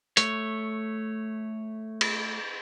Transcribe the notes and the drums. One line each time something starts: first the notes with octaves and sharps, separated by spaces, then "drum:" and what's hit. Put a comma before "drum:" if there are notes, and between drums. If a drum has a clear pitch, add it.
A3 C#5, drum: hi-hat
drum: cymbal